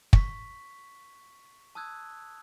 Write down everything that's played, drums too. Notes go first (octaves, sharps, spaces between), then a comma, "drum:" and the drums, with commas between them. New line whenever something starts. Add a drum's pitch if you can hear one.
C#6 B6, drum: kick
A5 D#6 E6 F#6 G#6